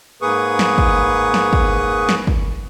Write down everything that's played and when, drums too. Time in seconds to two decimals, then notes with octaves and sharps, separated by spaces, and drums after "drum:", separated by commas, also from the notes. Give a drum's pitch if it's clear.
0.22 G#2 A#3 G#4 B4 C#6 D#6
0.59 drum: snare
0.78 drum: kick
1.34 drum: snare
1.53 drum: kick
2.09 drum: snare
2.27 drum: kick